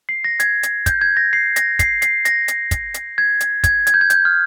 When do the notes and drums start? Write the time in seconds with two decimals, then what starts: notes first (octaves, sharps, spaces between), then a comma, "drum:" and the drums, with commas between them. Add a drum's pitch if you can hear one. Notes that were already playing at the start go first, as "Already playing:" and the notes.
0.09 C7
0.24 A#6
0.40 G#6, drum: hi-hat
0.63 drum: hi-hat
0.86 G6, drum: kick, hi-hat
1.01 G#6
1.17 A#6
1.33 C7
1.56 A#6, drum: hi-hat
1.79 C7, drum: kick, hi-hat
2.02 C7, drum: hi-hat
2.25 A#6, drum: hi-hat
2.48 drum: hi-hat
2.71 drum: kick, hi-hat
2.94 drum: hi-hat
3.18 G#6
3.40 drum: hi-hat
3.64 G#6, drum: kick, hi-hat
3.87 G#6, drum: hi-hat
3.94 G6
4.01 G#6
4.10 G6, drum: hi-hat
4.25 F6